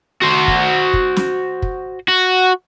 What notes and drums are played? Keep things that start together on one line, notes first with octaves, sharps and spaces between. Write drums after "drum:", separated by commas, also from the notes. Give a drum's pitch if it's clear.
F#4 C5
drum: kick
drum: kick
drum: snare
drum: kick
F#4